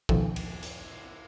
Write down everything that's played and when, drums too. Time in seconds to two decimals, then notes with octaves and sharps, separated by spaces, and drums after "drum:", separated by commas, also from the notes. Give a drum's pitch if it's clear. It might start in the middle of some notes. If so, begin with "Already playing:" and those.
0.09 C#2 B2 D#3 F3 A4, drum: kick
0.36 drum: cymbal
0.63 drum: hi-hat